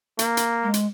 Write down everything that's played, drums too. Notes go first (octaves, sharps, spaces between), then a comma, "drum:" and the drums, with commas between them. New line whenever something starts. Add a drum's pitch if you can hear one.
A#3, drum: hi-hat
drum: hi-hat
G#3
drum: hi-hat